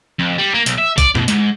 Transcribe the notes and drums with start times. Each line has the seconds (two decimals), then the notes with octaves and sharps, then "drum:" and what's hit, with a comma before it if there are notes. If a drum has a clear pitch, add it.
0.19 F2
0.38 G3
0.54 A#3
0.66 B1, drum: hi-hat
0.78 E5
0.98 D5, drum: kick A#1, hi-hat
1.15 B2, drum: tom F#2
1.28 G#2, drum: hi-hat